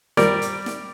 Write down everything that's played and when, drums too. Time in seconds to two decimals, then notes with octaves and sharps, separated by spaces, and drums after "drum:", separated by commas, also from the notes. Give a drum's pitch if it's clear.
0.17 G3 A#4 D5, drum: snare
0.42 drum: hi-hat
0.66 drum: snare